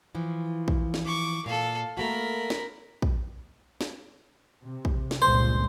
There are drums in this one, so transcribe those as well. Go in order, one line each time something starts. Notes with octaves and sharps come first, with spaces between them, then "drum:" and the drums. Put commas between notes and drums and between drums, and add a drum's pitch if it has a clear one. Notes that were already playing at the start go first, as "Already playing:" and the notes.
E3 F3
drum: kick
drum: snare
C#6 D6
A#2 A4 F5
A3 A#3 F#4 A#4 B5
drum: snare
drum: kick
drum: snare
C3
drum: kick
drum: snare
G1 C#2 A#2 C5